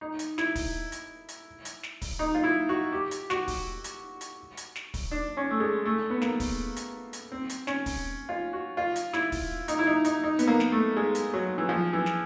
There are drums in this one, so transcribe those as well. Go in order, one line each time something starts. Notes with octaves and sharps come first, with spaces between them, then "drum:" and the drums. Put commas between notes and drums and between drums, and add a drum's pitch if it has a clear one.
D#4
drum: hi-hat
E4, drum: snare
drum: kick, open hi-hat
drum: hi-hat
drum: hi-hat
drum: hi-hat
drum: snare
drum: kick, open hi-hat
D#4
F4
E4
F#4
G4
drum: hi-hat
F#4, drum: snare
drum: kick, open hi-hat
drum: hi-hat
drum: hi-hat
drum: hi-hat
drum: snare
drum: kick, open hi-hat
D4
C#4
A3
G#3
A3
B3
A#3, drum: snare
drum: kick, open hi-hat
drum: hi-hat
drum: hi-hat
C4
drum: hi-hat
C#4, drum: snare
drum: kick, open hi-hat
F4
F#4
F4
drum: hi-hat
E4, drum: snare
drum: kick, open hi-hat
D#4, drum: hi-hat
E4
D#4
D#4, drum: hi-hat
D#4
B3, drum: hi-hat
A#3
drum: snare
A3
G#3
drum: hi-hat
F#3
E3
F3
E3
drum: snare